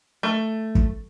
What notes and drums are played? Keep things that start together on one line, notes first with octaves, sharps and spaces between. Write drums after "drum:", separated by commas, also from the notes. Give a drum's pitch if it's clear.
A3
drum: kick